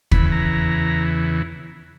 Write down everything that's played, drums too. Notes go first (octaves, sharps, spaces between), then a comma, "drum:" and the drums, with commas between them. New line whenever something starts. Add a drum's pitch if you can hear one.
E2 C#3 E3 B5, drum: kick
A#5